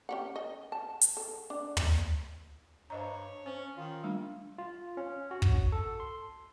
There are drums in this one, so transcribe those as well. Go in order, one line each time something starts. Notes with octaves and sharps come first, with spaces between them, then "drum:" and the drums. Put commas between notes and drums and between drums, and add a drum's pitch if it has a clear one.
C#4 G4 F#5
D#5
A5
drum: hi-hat
A4
D4
drum: tom
G2 C5 C#5 D#5 A#5
C#4 C5
D#3 F4
G3 A3 A#3 D4
F4
C#4
F#4
drum: kick
A4
C6